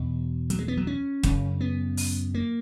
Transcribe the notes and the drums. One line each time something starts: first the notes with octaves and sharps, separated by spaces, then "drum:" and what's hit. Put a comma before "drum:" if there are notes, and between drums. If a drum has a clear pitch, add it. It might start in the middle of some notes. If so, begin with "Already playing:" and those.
Already playing: E2 B2
F#3, drum: hi-hat
G#3
B3
F#3
C#4
F#2 C#3, drum: kick, hi-hat
B3
drum: open hi-hat
A#3